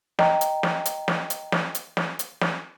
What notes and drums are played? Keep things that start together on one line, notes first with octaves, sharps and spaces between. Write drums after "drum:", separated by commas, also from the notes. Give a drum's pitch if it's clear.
D#5 G5 A#5, drum: snare
drum: hi-hat
drum: snare
drum: hi-hat
drum: snare
drum: hi-hat
drum: snare
drum: hi-hat
drum: snare
drum: hi-hat
drum: snare